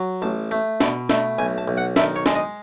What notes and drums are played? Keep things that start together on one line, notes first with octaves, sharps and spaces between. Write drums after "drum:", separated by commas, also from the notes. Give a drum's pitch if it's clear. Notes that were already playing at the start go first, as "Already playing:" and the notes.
Already playing: F#3
A1 A5
A3
B2, drum: snare
A3, drum: snare
B1 G#5
A5
B1
F#5
D#3 E5, drum: snare
C#5
G#3, drum: snare
D#5